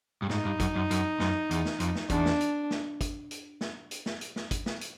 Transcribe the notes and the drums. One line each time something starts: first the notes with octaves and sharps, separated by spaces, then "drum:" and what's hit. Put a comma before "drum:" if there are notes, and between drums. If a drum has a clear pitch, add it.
G2
G#2 D#4, drum: snare
G2
F#2, drum: kick, hi-hat
F#2
F#2, drum: hi-hat
F#2, drum: snare
E2, drum: hi-hat
drum: snare
F2, drum: hi-hat
drum: snare
E2 D4, drum: kick, hi-hat
drum: snare
drum: hi-hat
drum: snare
drum: kick, hi-hat
drum: hi-hat
drum: snare
drum: hi-hat
drum: snare
drum: hi-hat
drum: snare
drum: kick, hi-hat
drum: snare
drum: hi-hat